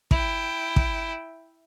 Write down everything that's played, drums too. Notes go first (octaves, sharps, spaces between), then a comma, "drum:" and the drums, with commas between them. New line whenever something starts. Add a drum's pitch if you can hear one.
E4 G5, drum: kick
drum: kick